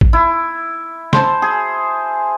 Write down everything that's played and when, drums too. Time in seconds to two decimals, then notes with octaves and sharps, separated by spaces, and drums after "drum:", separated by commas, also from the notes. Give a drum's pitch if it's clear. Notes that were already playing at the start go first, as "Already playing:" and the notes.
0.01 drum: kick
0.13 E4
1.13 C5 A5, drum: snare
1.42 G#4